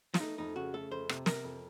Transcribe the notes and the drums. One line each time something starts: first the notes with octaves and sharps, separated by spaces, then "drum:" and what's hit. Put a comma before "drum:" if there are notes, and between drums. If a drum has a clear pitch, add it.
F4, drum: snare
A3 D#4
F2 D#4
C#3 F#4
A3 A4
F2 C5
C3, drum: rim click
C3 A#4, drum: snare
F2